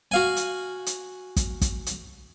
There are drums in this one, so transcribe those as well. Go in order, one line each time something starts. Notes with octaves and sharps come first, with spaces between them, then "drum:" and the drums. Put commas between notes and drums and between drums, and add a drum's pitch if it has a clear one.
F#4 F5 G#5
drum: hi-hat
drum: hi-hat
drum: kick, hi-hat
drum: kick, hi-hat
drum: hi-hat